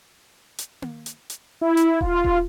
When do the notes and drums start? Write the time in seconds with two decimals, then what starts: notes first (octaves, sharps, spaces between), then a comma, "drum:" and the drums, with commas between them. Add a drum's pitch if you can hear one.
0.58 drum: hi-hat
0.82 drum: tom A#3
1.06 drum: hi-hat
1.30 drum: hi-hat
1.61 E4
1.77 drum: hi-hat
2.01 F4, drum: kick D#1
2.24 drum: kick D#1